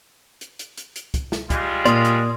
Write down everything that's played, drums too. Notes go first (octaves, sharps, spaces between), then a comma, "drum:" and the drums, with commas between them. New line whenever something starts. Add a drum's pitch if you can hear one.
drum: hi-hat
drum: hi-hat
drum: hi-hat
drum: hi-hat
drum: kick, hi-hat
drum: snare
G3 G#3 F4, drum: kick, hi-hat
A#2 D5 C6 D#6, drum: hi-hat
drum: hi-hat